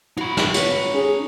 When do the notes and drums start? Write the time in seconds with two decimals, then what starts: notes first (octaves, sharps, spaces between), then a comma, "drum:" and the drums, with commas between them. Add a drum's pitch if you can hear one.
0.17 D#4 F#4 B5
0.37 drum: snare
0.54 F#4 B4 C#5, drum: tambourine
0.93 C#4 G#4